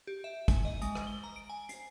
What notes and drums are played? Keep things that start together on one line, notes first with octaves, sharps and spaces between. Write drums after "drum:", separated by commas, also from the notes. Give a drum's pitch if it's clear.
G4
E5
G#5, drum: kick, hi-hat
D#5
G#3, drum: hi-hat
F#7, drum: rim click
G7
A#5
D7
G#5
C7, drum: hi-hat